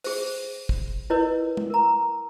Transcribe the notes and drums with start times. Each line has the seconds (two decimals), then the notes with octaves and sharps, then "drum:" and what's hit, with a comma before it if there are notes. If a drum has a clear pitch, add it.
0.04 G#4 C5, drum: open hi-hat
0.69 drum: kick
1.10 E4 A#4 B4 C#5 D#5
1.57 drum: tom
1.70 A#4 A#5